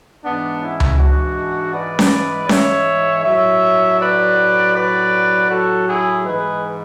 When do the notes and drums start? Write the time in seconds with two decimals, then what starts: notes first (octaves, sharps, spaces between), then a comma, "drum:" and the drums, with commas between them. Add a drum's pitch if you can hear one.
0.24 G#2 E3 G#3 B3 D4
0.61 C#4 E4
0.80 drum: tom C#2
0.99 D4 F#4
1.74 B4 D5
1.99 drum: snare C#4
2.49 C#5 E5, drum: snare C#4
3.24 A2 F#3 C#5 E5
4.00 B4 D5
4.75 B4 D5
5.50 F#4 A4
5.88 E4 G#4
6.25 G#2 E3 G#3 G#4 B4